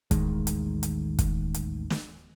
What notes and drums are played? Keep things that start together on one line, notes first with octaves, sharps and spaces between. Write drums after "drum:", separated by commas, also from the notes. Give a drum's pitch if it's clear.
A1 D#2 D#3 G#3, drum: kick, hi-hat
drum: hi-hat
drum: hi-hat
drum: kick, hi-hat
drum: hi-hat
drum: snare